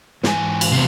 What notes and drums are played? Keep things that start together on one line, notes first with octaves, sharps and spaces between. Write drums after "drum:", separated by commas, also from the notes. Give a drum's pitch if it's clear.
G#2 E3 G#5, drum: snare
drum: cymbal
E2 C3